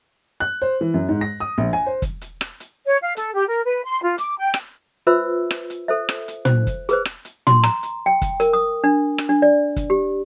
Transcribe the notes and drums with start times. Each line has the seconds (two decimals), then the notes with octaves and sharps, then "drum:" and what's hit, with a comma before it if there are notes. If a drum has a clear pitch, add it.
0.40 F#6
0.62 C5
0.81 E3
0.94 F#2
1.09 G#2
1.21 A#6
1.40 D#6
1.58 A#1
1.73 G#5
1.86 C5
2.02 drum: kick, hi-hat
2.21 drum: hi-hat
2.41 drum: rim click
2.60 drum: hi-hat
2.86 C#5
3.02 F5
3.17 A4, drum: hi-hat
3.34 G4
3.48 A#4
3.65 B4
3.84 C6
4.02 F4
4.18 D6, drum: hi-hat
4.38 G5
4.54 drum: rim click
5.07 F4 B4 C5 E5 E6
5.51 drum: rim click
5.70 drum: hi-hat
5.88 A4 C5 E5
6.09 drum: rim click
6.28 drum: hi-hat
6.45 C5, drum: tom
6.67 drum: kick, hi-hat
6.89 G#4 B4 C5, drum: hi-hat
7.05 drum: rim click
7.25 drum: hi-hat
7.47 C6, drum: tom
7.63 A#5, drum: rim click
7.83 drum: hi-hat
8.06 G5
8.22 drum: kick, hi-hat
8.40 A#4, drum: hi-hat
8.53 D#6
8.84 D4
9.18 drum: rim click
9.29 D4
9.42 D5
9.76 drum: kick, hi-hat
9.90 G4